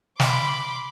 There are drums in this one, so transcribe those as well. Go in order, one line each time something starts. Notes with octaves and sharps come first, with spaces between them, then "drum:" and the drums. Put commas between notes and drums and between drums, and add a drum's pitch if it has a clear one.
B5 C6 D6, drum: snare